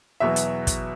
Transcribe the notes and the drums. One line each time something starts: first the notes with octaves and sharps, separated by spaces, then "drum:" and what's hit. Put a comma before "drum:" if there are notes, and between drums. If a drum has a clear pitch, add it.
E2 B2 F#3 B3 E5
drum: hi-hat
drum: kick, hi-hat